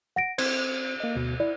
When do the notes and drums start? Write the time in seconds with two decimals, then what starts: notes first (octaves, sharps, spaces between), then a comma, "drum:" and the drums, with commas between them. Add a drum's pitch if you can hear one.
0.16 F#5 A#6 D7
0.38 C4 C5 G#6, drum: cymbal
1.00 A#3 D#5
1.16 D2 B2
1.40 E4 D5